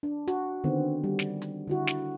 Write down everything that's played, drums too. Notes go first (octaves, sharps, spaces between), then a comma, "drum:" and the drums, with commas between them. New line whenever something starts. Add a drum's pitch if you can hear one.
D4
F#4, drum: hi-hat
D3 D#3 B3 C4
G3
drum: snare
drum: hi-hat
D3 E4 F#4
drum: snare